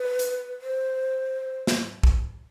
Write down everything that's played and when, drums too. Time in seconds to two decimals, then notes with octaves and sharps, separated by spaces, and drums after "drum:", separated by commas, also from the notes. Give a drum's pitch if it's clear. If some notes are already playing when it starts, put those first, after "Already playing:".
Already playing: B4
0.19 drum: hi-hat
0.61 C5
1.67 drum: snare
2.03 drum: kick